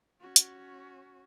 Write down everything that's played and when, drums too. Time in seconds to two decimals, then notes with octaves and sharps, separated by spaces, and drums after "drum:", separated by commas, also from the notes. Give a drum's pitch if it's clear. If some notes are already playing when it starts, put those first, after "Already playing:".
0.21 C#4 F#4
0.36 drum: hi-hat